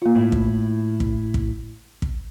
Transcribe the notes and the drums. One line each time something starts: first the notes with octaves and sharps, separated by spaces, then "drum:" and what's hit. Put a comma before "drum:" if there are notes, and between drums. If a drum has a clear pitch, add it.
A#3 F4
A2 E4
drum: kick
drum: kick
drum: kick
drum: kick